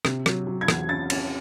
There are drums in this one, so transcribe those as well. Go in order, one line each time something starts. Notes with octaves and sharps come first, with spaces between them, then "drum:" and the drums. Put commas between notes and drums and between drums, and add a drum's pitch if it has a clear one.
C3, drum: rim click
F#3, drum: rim click
F#3
G#6
E2, drum: rim click
C#4 A6
C#4, drum: cymbal